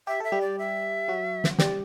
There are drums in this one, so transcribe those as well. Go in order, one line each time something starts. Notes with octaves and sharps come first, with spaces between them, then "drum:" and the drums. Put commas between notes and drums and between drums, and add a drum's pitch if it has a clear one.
G4 E5
A4 E5
G3 G4
D5
E5
F#3 F#4
drum: snare
G3 G4 D5, drum: snare